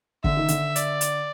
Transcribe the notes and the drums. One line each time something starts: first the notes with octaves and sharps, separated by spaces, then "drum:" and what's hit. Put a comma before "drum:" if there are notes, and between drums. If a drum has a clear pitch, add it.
D3 E5, drum: kick
D#3
D3, drum: hi-hat
D5, drum: hi-hat
drum: hi-hat